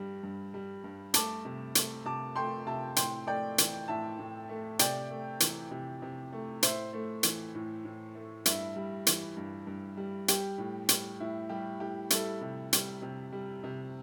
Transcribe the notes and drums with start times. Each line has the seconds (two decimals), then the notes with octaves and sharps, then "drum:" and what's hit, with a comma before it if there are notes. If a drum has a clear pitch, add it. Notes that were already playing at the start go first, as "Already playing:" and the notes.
Already playing: G2 G3
0.23 G2
0.54 G3
0.84 G2
1.14 A3 A5 D6, drum: hi-hat
1.45 C3
1.75 A3, drum: hi-hat
2.05 C3 A5 D6
2.36 A3 G5 C6
2.67 C3 E5 A5
2.96 A2 G5 C6, drum: hi-hat
3.27 A3 D5 G5
3.58 E3, drum: hi-hat
3.88 A2 E5 A5
4.19 A2
4.49 A3
4.79 C3 D5 G5, drum: hi-hat
5.10 A3
5.40 E3, drum: hi-hat
5.71 C3
6.02 C3
6.32 A3
6.63 A2 C5 E5, drum: hi-hat
6.93 A3
7.23 E3, drum: hi-hat
7.55 A2
7.85 A2
8.15 A3
8.46 G2 E4, drum: hi-hat
8.76 G3
9.07 E3, drum: hi-hat
9.37 G2
9.67 G2
9.97 G3
10.28 G3 G4, drum: hi-hat
10.58 A2
10.89 G3, drum: hi-hat
11.20 A2 E4
11.49 G3 G4
11.80 A2 G4
12.10 G3 E4 A4, drum: hi-hat
12.41 C3
12.73 G3, drum: hi-hat
13.02 C3
13.33 G3
13.64 C3